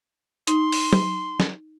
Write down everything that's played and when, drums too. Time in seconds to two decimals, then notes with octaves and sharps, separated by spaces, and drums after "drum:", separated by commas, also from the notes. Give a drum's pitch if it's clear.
0.47 D#4 C6, drum: hi-hat
0.72 drum: open hi-hat
0.93 drum: tom
1.40 drum: snare